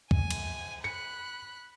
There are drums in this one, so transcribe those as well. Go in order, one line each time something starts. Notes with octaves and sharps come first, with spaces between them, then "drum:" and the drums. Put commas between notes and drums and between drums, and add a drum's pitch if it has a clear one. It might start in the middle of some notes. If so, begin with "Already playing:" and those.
G#5, drum: kick
drum: cymbal
B5 F#6 C#7